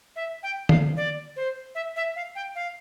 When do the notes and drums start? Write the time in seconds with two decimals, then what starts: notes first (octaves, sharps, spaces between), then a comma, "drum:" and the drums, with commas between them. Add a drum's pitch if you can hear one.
0.16 E5
0.43 G5
0.69 F5, drum: tom D3
0.97 D5
1.36 C5
1.75 E5
1.96 E5
2.16 F5
2.35 G5
2.56 F5